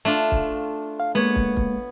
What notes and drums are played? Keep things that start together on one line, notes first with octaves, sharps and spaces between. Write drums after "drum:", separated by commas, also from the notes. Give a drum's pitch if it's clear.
A3 D4 F4
drum: kick
F5
G#3 A#3 B3 C#5
drum: kick
drum: kick